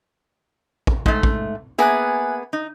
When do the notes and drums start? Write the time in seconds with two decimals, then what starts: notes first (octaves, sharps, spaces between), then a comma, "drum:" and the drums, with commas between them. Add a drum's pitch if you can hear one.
0.87 drum: kick
1.06 G#2 A3, drum: kick
1.23 drum: kick
1.78 A#3 B3 G#4 E5 G#5 F#6
2.53 D#4